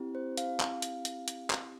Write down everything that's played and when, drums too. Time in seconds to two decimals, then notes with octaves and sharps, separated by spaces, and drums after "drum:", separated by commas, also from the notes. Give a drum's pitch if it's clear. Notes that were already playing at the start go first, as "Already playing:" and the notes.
Already playing: C4 E4 G4
0.15 C5
0.38 F5, drum: hi-hat
0.60 drum: clap
0.82 drum: hi-hat
1.05 drum: hi-hat
1.28 drum: hi-hat
1.50 drum: clap